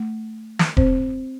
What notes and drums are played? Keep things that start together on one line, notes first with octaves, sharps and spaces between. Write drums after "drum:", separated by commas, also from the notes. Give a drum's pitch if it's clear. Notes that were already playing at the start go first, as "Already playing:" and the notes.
Already playing: A3
drum: snare
C4 C5, drum: kick E1